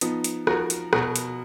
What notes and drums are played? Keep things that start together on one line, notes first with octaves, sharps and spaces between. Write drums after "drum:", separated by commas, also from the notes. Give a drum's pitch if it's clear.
F3 B3 D#4, drum: hi-hat
drum: hi-hat
F3 F#4 A#4, drum: rim click
drum: hi-hat
B2 F#4 A#4, drum: rim click
drum: hi-hat